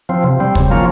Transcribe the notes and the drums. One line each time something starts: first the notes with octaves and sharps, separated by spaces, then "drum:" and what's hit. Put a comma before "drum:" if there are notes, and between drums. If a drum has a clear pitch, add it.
F3 C4
C3
G3 C4
C#3, drum: kick
F3 A#3 C#4 F4